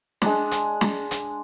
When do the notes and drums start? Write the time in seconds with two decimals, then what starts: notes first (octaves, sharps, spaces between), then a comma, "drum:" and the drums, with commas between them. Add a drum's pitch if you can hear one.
0.22 G#3 D4, drum: snare
0.51 drum: hi-hat
0.81 drum: snare
1.11 drum: hi-hat